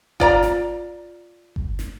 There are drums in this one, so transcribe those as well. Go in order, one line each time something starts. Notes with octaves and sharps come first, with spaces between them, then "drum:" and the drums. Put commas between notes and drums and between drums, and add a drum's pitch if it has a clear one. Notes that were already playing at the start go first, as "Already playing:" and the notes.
F4 D5 A#5, drum: kick G1
drum: snare
drum: kick G1
drum: snare